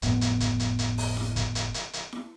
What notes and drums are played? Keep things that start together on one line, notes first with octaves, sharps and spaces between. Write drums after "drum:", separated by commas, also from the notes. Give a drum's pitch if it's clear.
G1 F2 A2 B3, drum: hi-hat
drum: hi-hat
drum: kick, hi-hat
drum: hi-hat
drum: hi-hat
drum: open hi-hat
drum: snare E4
drum: kick, hi-hat
drum: hi-hat
drum: hi-hat
drum: hi-hat
drum: snare E4